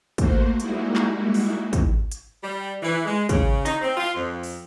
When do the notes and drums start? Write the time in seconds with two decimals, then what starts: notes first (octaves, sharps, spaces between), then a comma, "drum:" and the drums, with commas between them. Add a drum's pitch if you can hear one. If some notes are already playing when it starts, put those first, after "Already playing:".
0.18 A3 A#3 F#4 C5, drum: kick, hi-hat
0.60 G3 G#3 A#3 D#4 E4 F#4, drum: hi-hat
0.96 drum: clap
1.34 drum: open hi-hat
1.73 drum: kick, hi-hat
2.12 drum: hi-hat
2.44 G3
2.83 E3
3.05 G#3
3.29 C#3, drum: kick, hi-hat
3.66 D#4, drum: hi-hat
3.81 C4
3.97 F4
4.15 F2
4.43 drum: open hi-hat